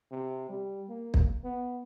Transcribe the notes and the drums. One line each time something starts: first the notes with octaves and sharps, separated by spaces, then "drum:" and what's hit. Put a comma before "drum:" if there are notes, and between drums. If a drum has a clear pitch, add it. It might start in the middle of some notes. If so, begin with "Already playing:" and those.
C3
G3
A#3
drum: kick
B3